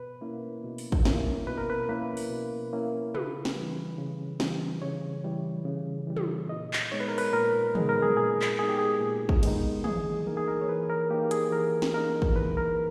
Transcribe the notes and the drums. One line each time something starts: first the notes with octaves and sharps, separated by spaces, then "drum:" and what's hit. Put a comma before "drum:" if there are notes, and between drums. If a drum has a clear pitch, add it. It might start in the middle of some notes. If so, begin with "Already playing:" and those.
Already playing: B2 B4
A#3 C#4 E4
B2
drum: open hi-hat
drum: kick
A#3 C#4 E4, drum: snare
B2 B4
A#4
B4
A#3 C#4 E4 B4
drum: open hi-hat
B2
A#3 C#4 E4
C#3 B4, drum: tom
drum: snare
E3 G3
C#3
E3 G3, drum: snare
C#3 C#5
E3 G3
C#3
E3 G3
drum: tom
A#2 D#5
drum: clap
G#3 B3 D#4 C#5
B4
A#4
B4, drum: open hi-hat
A#2 A#4
G#3 B3 D#4 G#4, drum: tom
A#4
G#4
A#2 G#4
drum: clap
G#3 B3 D#4 G#4
G4
G#4
A#2
drum: kick
G#3 B3 D#4, drum: cymbal
E3 G#4, drum: tom
A#3 D#4 A#4
G#4
A#4
C#5
E3 B4
A#4
A#3 D#4 G4
G#4, drum: hi-hat
E3 A#4
drum: snare
A#3 D#4 A#4
drum: kick
E3 B4
A#4